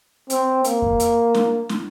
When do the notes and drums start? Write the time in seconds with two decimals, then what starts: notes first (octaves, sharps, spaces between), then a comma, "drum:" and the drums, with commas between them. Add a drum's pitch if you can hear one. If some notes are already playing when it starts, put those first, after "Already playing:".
0.30 C4, drum: hi-hat
0.64 A#3, drum: hi-hat
0.82 drum: kick F2
1.00 drum: hi-hat
1.34 drum: snare
1.69 drum: snare